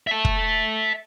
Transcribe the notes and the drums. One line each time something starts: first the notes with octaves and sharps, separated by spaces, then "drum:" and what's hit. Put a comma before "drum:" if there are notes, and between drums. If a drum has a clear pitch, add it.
E5 A5
drum: kick